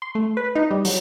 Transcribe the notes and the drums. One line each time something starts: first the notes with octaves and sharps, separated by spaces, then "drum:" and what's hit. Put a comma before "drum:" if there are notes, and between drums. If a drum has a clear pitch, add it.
C6
A3
B4
D#4
G3
F#3, drum: open hi-hat